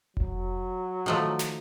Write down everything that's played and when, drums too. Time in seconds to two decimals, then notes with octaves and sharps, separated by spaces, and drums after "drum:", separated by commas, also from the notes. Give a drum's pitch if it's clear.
0.17 F#3, drum: kick F1
1.06 D#3 F3 A3
1.39 drum: snare